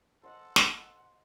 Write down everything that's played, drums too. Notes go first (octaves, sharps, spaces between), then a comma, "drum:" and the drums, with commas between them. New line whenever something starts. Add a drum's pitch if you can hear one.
A4 C5 D#5 F#5
drum: snare